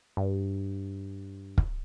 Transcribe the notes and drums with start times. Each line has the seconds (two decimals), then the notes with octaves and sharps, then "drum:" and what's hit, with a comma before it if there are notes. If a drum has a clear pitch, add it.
0.17 G2
1.58 drum: kick